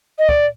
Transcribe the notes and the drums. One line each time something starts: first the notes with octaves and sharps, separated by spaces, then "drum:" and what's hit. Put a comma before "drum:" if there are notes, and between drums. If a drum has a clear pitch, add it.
D#5
D5, drum: kick